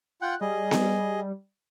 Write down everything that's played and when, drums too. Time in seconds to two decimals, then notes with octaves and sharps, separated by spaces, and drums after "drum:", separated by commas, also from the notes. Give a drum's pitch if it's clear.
0.22 F4 F#5 G5 F#6
0.41 G3 G#4 D#5
0.71 drum: snare B3